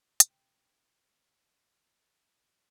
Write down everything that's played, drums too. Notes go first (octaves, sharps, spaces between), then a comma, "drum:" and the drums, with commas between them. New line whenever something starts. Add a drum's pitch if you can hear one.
B2 D#3 C4, drum: hi-hat